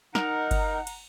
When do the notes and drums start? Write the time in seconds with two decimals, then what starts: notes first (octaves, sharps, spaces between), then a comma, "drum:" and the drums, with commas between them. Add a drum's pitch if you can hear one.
0.15 D#4 A#4 F#5 A#5, drum: snare
0.51 drum: kick G1, cymbal
0.87 drum: cymbal